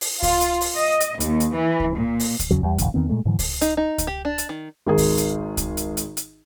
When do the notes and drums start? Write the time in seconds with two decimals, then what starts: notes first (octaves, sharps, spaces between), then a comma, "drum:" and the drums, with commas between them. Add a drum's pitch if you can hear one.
0.01 drum: open hi-hat
0.23 F4, drum: kick C#2, open hi-hat
0.41 drum: hi-hat
0.61 drum: open hi-hat
0.76 D#5
1.00 drum: hi-hat
1.20 D#2, drum: hi-hat
1.40 drum: hi-hat
1.56 E3
1.80 drum: kick C#2
1.96 A#2
2.20 drum: open hi-hat
2.39 drum: kick C#2, hi-hat
2.51 E2 C#3 F#3
2.63 E2 G3
2.78 F1 A#1 D#2, drum: hi-hat
2.94 E2 D#3 B3 C4
3.09 A#2 G#3 A3
3.25 G#2 D3 E3 F#3
3.39 drum: kick C#2, open hi-hat
3.61 D#4, drum: hi-hat
3.77 D#4
3.98 drum: kick C#2, hi-hat
4.07 G4
4.25 D4
4.38 drum: hi-hat
4.49 D#3
4.87 G#1 D#3 G#4
4.98 drum: kick C#2, open hi-hat
5.17 drum: hi-hat
5.57 drum: kick C#2, hi-hat
5.77 drum: hi-hat
5.97 drum: hi-hat
6.17 drum: hi-hat